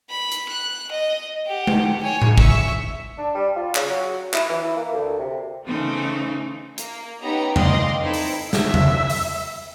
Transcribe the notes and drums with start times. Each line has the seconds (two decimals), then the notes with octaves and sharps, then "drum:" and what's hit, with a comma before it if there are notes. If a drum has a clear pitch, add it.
0.10 B5
0.32 drum: hi-hat
0.49 F#6
0.92 D#5
1.46 G4 F#5
1.67 drum: tom G#3
2.03 C#5 G#5
2.22 drum: tom A2
2.38 E5 C#6, drum: kick
3.18 D4
3.35 G3
3.56 F4
3.75 C#3, drum: clap
3.89 F#3
4.34 E4, drum: clap
4.49 E3
4.65 E4
4.77 A#3
4.93 D2
5.19 C3
5.65 C#3 E3 A3 C4 D#4
6.78 A#3, drum: hi-hat
7.20 B3 C#4 D#4 G4 D#5 A#5
7.56 D5 D#5 F5 G5 C6 D6, drum: tom E2
7.99 C4 D#4 E4 A4 B4
8.14 drum: open hi-hat
8.53 E5, drum: snare
8.74 drum: tom E2
9.10 drum: open hi-hat